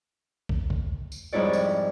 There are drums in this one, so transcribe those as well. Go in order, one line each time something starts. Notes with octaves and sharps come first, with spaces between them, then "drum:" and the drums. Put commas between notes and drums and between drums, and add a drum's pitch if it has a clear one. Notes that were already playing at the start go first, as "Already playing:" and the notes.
drum: kick
drum: kick
drum: tambourine
F2 G#2 G3 E4 C#5 D5
drum: tambourine